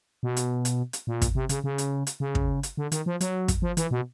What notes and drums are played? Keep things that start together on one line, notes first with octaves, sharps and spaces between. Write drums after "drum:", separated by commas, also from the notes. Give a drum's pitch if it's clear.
B2
drum: hi-hat
drum: hi-hat
drum: hi-hat
A#2
drum: kick, hi-hat
C3
C#3, drum: hi-hat
C#3
drum: hi-hat
drum: hi-hat
C#3
drum: kick
drum: hi-hat
D3
D#3, drum: hi-hat
F3
F#3, drum: hi-hat
drum: kick, hi-hat
F3
E3, drum: hi-hat
B2